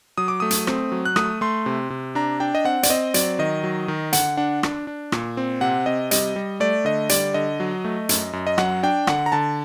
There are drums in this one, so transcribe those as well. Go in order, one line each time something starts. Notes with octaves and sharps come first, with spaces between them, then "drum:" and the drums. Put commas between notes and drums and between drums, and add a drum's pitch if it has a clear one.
F#3 D#6
D6
A3 D#6
drum: hi-hat
C4, drum: rim click
F#3
F#6
A3 D#6, drum: rim click
A3 C6
C3
C3
D4 A#5
D4 G5
D#5
C4 F#5
D5, drum: hi-hat
C4 D#5
F#3 D5, drum: hi-hat
D#3 D#5
F#3
D#3
D3 F#5, drum: hi-hat
D4 F#5
D4, drum: rim click
D4
A#2, drum: rim click
C4
C3 F#5
C3 D#5
G3 D#5, drum: hi-hat
G3
A3 D5
D3 D#5
G3 D5, drum: hi-hat
D3 D#5
F#3
A3
F#2, drum: hi-hat
F#2
D#5
F#3 F#5, drum: rim click
D4 G5
D3 F#5, drum: rim click
A#5
D3 A5